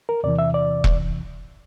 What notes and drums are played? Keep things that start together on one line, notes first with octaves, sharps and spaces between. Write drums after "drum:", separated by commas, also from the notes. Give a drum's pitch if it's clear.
A#4
E2 C3 E3 D5
E5
D5
drum: kick E1